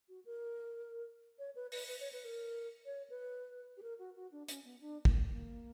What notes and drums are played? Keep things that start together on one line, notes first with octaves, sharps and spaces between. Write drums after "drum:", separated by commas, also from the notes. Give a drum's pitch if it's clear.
F#4
A#4
C#5
B4
B4, drum: open hi-hat
B4
C#5
B4
A#4
C#5
B4
G4
A#4
F#4
F#4
D4
C#4, drum: hi-hat
B3
D4
A#3, drum: kick
A#3